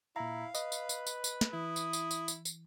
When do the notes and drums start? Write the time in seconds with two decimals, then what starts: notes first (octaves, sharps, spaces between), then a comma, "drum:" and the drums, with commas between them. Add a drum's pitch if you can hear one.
0.16 A#2 E4 F5 A#5
0.55 B4 D#5, drum: tambourine
0.72 drum: tambourine
0.89 drum: tambourine
1.07 drum: tambourine
1.24 drum: tambourine
1.41 drum: snare
1.53 E3 E4 D#6
1.76 drum: tambourine
1.93 drum: tambourine
2.11 drum: tambourine
2.28 drum: tambourine
2.45 drum: tambourine